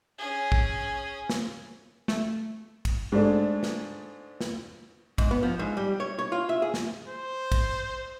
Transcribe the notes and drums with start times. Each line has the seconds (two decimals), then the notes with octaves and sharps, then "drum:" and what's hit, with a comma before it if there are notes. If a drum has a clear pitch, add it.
0.18 C#4 G#4
0.52 drum: kick
1.29 drum: snare
2.08 A3, drum: snare
2.85 drum: kick, cymbal
3.12 G#2 A3 D4
3.63 drum: snare
4.41 drum: snare
5.18 G#2, drum: kick, cymbal
5.31 B3
5.43 F3
5.59 G#2
5.77 G3
6.00 C#5
6.19 C#5
6.32 F4
6.49 E5
6.62 G#4
6.74 drum: snare
7.08 C5
7.52 drum: kick, cymbal